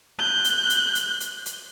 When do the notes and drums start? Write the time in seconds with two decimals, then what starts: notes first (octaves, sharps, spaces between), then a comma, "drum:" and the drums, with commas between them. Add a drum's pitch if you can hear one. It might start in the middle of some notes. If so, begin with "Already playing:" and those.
0.19 F#6 G6
0.45 drum: hi-hat
0.70 drum: hi-hat
0.95 drum: hi-hat
1.20 drum: hi-hat
1.46 drum: hi-hat